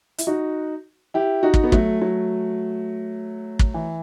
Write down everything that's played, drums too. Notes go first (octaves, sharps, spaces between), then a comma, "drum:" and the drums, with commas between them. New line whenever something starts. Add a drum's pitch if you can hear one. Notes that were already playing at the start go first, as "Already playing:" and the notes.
E4, drum: hi-hat
D#4 F#4
E4 G4
D#4 F#4
drum: kick
B3
F#3 A3, drum: kick
F#3 A3
drum: kick
E3